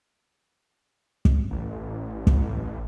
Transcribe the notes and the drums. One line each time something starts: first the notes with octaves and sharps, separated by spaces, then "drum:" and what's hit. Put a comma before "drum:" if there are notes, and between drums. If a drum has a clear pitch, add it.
drum: kick
A1
drum: kick